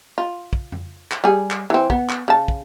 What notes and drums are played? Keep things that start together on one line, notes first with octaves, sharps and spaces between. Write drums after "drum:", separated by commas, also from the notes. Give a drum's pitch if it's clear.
F4
drum: kick
drum: tom F2
drum: clap
G3 G#4
drum: clap
E3 C4
B3, drum: kick
drum: clap
C#3 A5
drum: kick